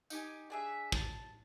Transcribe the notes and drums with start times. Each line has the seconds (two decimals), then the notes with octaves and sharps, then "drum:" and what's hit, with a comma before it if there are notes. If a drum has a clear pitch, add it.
0.10 D#4 G4 G#5, drum: tambourine
0.50 D4 G#4 E5
0.92 A5, drum: kick